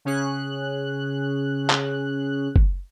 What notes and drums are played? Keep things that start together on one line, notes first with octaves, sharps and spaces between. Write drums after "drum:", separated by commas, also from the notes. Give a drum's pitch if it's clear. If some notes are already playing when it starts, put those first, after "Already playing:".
C#3 C#4 G#4 F#6
drum: clap
drum: kick